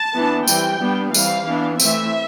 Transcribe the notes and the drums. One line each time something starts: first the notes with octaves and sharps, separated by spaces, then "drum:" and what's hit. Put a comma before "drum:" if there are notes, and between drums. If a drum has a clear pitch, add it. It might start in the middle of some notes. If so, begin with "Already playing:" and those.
Already playing: A5
E3 B3 D4
E3 G3 C4 G5, drum: tambourine
G3 B3 D4
E3 G3 C4 F5, drum: tambourine
E3 B3 D4
E3 A3 C4 E5, drum: tambourine